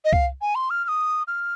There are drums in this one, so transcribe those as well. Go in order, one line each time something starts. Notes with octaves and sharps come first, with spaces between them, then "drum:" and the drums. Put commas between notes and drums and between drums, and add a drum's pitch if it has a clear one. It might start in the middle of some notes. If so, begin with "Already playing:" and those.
D#5
F5, drum: kick C2
G#5
C6
F6
F6
D#6
F6